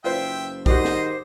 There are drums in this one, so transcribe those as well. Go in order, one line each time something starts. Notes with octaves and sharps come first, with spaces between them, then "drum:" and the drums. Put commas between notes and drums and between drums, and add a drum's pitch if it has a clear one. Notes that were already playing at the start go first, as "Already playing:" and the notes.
F#1 F4 B4 C5 E5 G5
G#2 D#3 G3 F#4 G4 C5 D#5, drum: kick
drum: snare